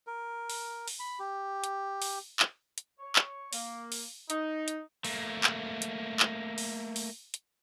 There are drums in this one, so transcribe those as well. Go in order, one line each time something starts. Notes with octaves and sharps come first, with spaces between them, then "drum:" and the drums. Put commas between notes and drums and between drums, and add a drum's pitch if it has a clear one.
A#4
drum: open hi-hat
drum: open hi-hat
B5
G4
drum: hi-hat
drum: open hi-hat
drum: clap
drum: hi-hat
C#5
drum: clap
A#3, drum: open hi-hat
drum: open hi-hat
D#4, drum: hi-hat
drum: hi-hat
A3 A#3, drum: open hi-hat
drum: clap
drum: hi-hat
drum: clap
drum: open hi-hat
drum: open hi-hat
drum: hi-hat